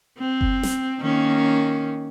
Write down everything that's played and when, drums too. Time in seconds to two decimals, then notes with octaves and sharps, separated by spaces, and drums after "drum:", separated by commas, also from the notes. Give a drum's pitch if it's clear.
0.18 C4
0.41 drum: kick F#1
0.63 drum: snare
1.00 D#3 A#3 C#4